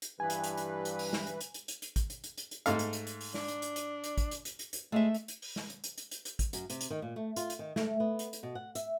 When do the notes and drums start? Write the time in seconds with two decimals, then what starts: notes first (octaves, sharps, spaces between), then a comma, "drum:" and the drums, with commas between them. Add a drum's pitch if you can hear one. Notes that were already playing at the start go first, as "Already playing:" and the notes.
0.02 drum: hi-hat
0.20 G2 E3 B4 G#5
0.30 drum: hi-hat
0.44 drum: hi-hat
0.57 drum: hi-hat
0.85 drum: hi-hat
0.99 drum: open hi-hat
1.13 drum: snare
1.27 drum: hi-hat
1.41 drum: hi-hat
1.54 drum: hi-hat
1.68 drum: hi-hat
1.82 drum: hi-hat
1.96 drum: kick, hi-hat
2.10 drum: hi-hat
2.24 drum: hi-hat
2.38 drum: hi-hat
2.51 drum: hi-hat
2.66 G#2 A3 F5, drum: hi-hat
2.79 drum: hi-hat
2.93 drum: hi-hat
3.07 drum: hi-hat
3.21 drum: open hi-hat
3.34 D4, drum: snare
3.48 drum: hi-hat
3.62 drum: hi-hat
3.76 drum: hi-hat
4.04 drum: hi-hat
4.18 drum: kick, hi-hat
4.31 drum: hi-hat
4.45 drum: hi-hat
4.59 drum: hi-hat
4.73 drum: hi-hat
4.92 G#3 A3 E5
5.14 drum: hi-hat
5.28 drum: hi-hat
5.42 drum: open hi-hat
5.56 drum: snare
5.70 drum: hi-hat
5.84 drum: hi-hat
5.98 drum: hi-hat
6.11 drum: hi-hat
6.25 drum: hi-hat
6.39 drum: kick, hi-hat
6.53 F#2, drum: hi-hat
6.70 C3, drum: hi-hat
6.81 drum: hi-hat
6.90 D#3
7.02 A#2
7.16 A3
7.36 F4, drum: hi-hat
7.50 drum: hi-hat
7.59 D#3
7.76 A3, drum: snare
8.00 B3
8.19 drum: hi-hat
8.33 drum: hi-hat
8.43 B2
8.55 F#5
8.75 E5, drum: hi-hat